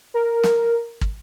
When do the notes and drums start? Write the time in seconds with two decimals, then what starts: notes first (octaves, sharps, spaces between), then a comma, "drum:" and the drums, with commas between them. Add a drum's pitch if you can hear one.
0.14 A#4
0.44 drum: snare
1.01 drum: kick